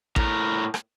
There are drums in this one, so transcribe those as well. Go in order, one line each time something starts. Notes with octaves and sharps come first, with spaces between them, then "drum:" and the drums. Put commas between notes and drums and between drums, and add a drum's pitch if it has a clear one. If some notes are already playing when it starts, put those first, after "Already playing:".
A2 A#4, drum: kick A1
drum: rim click